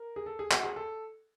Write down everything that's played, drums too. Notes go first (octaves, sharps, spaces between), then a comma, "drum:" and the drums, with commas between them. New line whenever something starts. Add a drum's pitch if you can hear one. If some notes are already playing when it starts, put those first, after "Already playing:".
Already playing: A#4
G#4
A4
G#4
F#4, drum: clap
G#4
A4